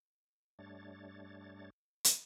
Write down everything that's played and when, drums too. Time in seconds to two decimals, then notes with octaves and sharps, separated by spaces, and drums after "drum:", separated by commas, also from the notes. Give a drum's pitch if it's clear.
0.59 G2 G3 A3 D4 C#5 A6
2.04 drum: hi-hat